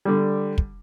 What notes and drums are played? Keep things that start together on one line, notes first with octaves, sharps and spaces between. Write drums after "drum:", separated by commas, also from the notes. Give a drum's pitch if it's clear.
D3 G3
drum: kick